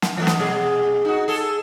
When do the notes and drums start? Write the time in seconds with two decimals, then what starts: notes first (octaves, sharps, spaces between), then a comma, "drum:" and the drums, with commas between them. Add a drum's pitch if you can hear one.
0.02 drum: snare
0.17 E3 A3 B3
0.27 drum: snare
0.39 B2 G#4
1.05 D#4 F#4
1.28 G#4 A4